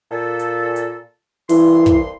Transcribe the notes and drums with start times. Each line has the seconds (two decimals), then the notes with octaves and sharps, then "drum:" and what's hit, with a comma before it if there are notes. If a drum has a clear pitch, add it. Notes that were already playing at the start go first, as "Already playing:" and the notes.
0.11 A#2 A4
0.39 drum: hi-hat
0.76 drum: hi-hat
1.49 C2 G2 E3 C6, drum: open hi-hat
1.86 drum: kick, hi-hat